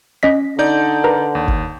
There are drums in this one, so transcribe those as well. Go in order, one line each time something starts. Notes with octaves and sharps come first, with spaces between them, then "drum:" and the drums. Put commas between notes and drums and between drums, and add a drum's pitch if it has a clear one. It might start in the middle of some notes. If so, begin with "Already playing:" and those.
C#4 D#5 B6
D3 D#4 D5 G6
A#4 B4 A#5
D#2
drum: kick